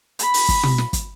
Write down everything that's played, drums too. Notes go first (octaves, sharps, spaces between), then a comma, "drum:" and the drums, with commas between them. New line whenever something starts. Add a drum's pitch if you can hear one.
B5, drum: hi-hat
drum: open hi-hat
drum: kick, hi-hat
drum: tom
drum: snare
drum: kick, hi-hat